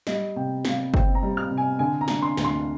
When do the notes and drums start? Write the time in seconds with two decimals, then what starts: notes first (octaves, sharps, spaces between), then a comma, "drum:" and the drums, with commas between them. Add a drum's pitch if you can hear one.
0.07 G3 D#5, drum: snare
0.36 C3 G5
0.65 C3 F5, drum: snare
0.94 C4 G5, drum: kick G1
1.15 A#5
1.23 G3
1.37 F6
1.51 C3
1.57 G#5
1.79 D3 G#5
2.01 A#5
2.08 D4, drum: snare
2.22 C6
2.37 D2, drum: snare
2.44 C6